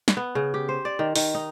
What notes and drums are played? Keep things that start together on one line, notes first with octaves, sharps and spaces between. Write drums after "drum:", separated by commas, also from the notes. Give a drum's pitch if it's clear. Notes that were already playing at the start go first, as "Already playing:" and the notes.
drum: snare
B3
C#3
G4
C5
D5
D#3
D#3, drum: open hi-hat
D#4